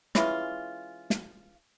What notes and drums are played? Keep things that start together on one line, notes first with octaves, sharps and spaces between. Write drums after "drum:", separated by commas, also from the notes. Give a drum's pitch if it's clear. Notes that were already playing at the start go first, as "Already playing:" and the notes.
E3 G#3 C#4 F4, drum: snare
drum: snare